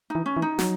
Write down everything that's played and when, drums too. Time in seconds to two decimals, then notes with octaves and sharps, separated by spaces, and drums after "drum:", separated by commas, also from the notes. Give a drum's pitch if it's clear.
0.10 D#4
0.15 E3
0.26 C#4
0.37 E3
0.42 D#4
0.59 F#3, drum: snare